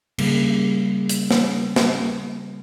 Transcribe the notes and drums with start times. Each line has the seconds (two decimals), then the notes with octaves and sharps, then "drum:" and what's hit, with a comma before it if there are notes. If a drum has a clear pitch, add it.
0.18 C#3 G3 A#3, drum: cymbal
1.09 drum: hi-hat
1.31 drum: snare
1.76 drum: snare